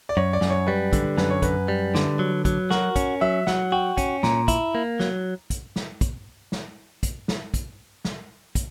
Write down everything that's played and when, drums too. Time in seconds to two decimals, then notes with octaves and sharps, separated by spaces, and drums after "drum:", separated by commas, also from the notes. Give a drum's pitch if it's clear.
0.09 D5
0.17 F#2 C#5
0.33 D5
0.41 F#2, drum: snare
0.50 C#5
0.67 G3 B4
0.93 D3, drum: kick, hi-hat
1.18 F#2 B4, drum: snare
1.30 C#5
1.42 F#2 B4, drum: kick, hi-hat
1.68 G3
1.95 D3, drum: snare
2.19 F#3
2.45 F#3, drum: kick, hi-hat
2.71 F#4 A#4, drum: snare
2.96 C#4, drum: kick, hi-hat
3.21 F#3 E5
3.47 F#3 F#5, drum: snare
3.72 F#4 G5
3.98 C#4, drum: kick, hi-hat
4.23 A#2 A#5, drum: snare
4.48 E4, drum: kick, hi-hat
4.75 A#3
5.00 F#3, drum: snare
5.50 drum: kick, hi-hat
5.76 drum: snare
6.01 drum: kick, hi-hat
6.52 drum: snare
7.03 drum: kick, hi-hat
7.28 drum: snare
7.54 drum: kick, hi-hat
8.05 drum: snare
8.55 drum: kick, hi-hat